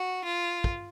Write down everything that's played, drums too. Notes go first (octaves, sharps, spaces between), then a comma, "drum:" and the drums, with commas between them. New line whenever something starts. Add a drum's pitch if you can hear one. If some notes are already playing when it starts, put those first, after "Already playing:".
Already playing: F#4
F4
drum: kick